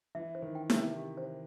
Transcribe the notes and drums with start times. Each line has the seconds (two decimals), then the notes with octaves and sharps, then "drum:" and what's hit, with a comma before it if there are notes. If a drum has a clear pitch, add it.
0.15 E3 E5
0.35 C5
0.42 D#3
0.55 G5
0.70 C3, drum: snare E4
0.77 E5
0.97 G4
1.17 C5